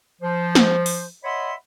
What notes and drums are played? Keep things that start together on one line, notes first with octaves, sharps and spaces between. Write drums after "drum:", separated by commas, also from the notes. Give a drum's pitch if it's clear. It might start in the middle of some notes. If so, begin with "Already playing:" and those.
F3 C5
drum: snare
drum: open hi-hat
C#5 D#5 E5 F#5 B5 C6